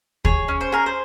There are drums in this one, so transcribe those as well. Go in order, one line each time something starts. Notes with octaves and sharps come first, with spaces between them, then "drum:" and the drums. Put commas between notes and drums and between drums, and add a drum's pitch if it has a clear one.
G#4 C#5, drum: kick
C#4
C5
G#4 A#4
C5